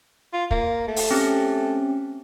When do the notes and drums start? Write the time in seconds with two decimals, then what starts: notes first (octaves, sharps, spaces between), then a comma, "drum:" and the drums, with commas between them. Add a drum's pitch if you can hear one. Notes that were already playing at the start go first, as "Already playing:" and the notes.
0.33 F4
0.51 A#3, drum: kick
0.87 A3
0.96 drum: open hi-hat
1.11 C4 C#4 G4